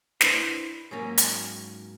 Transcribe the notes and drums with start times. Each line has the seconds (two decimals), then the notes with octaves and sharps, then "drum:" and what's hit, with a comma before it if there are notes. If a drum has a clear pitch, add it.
0.21 D4 E4 B4 C5, drum: snare
0.91 G#2 F#3 A#3 C#4
1.18 drum: hi-hat